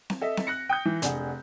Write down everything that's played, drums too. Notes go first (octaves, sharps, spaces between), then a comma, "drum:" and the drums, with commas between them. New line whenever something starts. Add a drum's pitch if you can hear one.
drum: snare C4
A4 D#5 E5
drum: snare C4
F#6 A#6 C#7
G5 D#6 G6
E3
F1 D4 G#4 F#5, drum: hi-hat